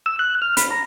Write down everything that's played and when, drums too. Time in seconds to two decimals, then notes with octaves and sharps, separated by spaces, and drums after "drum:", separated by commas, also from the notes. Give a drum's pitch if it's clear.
0.06 E6
0.19 F#6
0.42 F6
0.57 B5, drum: hi-hat
0.71 A#5